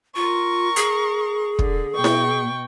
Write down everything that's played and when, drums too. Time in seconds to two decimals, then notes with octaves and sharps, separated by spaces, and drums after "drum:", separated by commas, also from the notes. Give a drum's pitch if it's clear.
0.16 F4 A#4 C#6
0.76 G#4, drum: hi-hat
1.59 D3, drum: kick
1.95 B2 G5 C#6
2.04 drum: snare E4